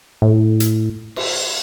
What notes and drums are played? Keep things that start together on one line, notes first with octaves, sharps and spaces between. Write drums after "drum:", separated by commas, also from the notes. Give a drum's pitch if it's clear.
A2
drum: hi-hat
drum: cymbal